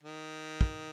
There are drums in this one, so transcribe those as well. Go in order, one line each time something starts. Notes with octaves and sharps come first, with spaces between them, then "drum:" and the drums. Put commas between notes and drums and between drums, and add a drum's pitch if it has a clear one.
D#3
drum: kick